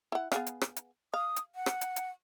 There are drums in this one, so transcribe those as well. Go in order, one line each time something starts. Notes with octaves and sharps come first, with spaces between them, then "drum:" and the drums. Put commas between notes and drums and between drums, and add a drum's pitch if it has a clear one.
E4 F#5
B3 G#4 F5, drum: rim click
drum: hi-hat
drum: rim click
drum: hi-hat
F5 D#6
drum: hi-hat
F#5
drum: rim click
drum: hi-hat
drum: hi-hat